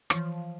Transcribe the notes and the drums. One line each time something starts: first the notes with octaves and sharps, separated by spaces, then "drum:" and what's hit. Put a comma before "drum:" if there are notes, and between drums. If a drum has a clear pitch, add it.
E3 F3, drum: rim click